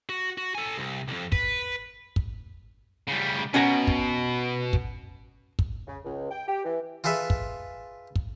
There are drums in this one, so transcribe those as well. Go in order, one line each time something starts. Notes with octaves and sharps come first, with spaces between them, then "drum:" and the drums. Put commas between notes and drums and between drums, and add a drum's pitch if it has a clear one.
F#4
F#4
A4 G#5
C2
C2 F2
B4, drum: kick
drum: kick
C#3 G3
B2 C#4 F#5 A#5
drum: kick
drum: kick
drum: kick
C#3
C#2
G5
G4
E3
F4 G#4 A4 B4 E5
drum: kick
drum: kick